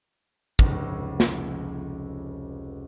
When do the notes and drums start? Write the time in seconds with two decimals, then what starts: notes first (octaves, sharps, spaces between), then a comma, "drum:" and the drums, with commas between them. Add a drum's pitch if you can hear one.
0.59 F1 C#2, drum: kick
1.20 drum: snare